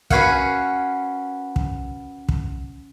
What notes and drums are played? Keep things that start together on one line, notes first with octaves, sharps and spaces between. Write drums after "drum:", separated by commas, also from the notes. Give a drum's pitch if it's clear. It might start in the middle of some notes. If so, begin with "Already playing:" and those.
C#4 F#4 B4 C#5 F5 F#5, drum: kick
drum: kick
drum: kick